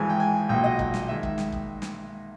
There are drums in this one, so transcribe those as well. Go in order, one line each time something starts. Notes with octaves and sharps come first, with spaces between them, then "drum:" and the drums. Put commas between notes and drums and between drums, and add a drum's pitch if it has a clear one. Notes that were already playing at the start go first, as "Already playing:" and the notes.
Already playing: G#1 G#2 E3 G#3 G#5
G5
G#5
B1 A#2 F#3 G5
D#5
drum: kick
drum: snare
D#3 G#3 E5
drum: kick
drum: snare
drum: kick
drum: snare